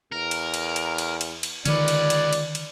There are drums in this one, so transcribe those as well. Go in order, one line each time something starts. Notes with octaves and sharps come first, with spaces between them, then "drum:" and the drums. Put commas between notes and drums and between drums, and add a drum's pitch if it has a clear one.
E2 A#4
drum: cymbal
drum: cymbal
drum: cymbal
drum: cymbal
drum: cymbal
drum: cymbal
C#2 D3 D#3 C#4 B4 D5, drum: cymbal
drum: cymbal
drum: cymbal
drum: cymbal
drum: cymbal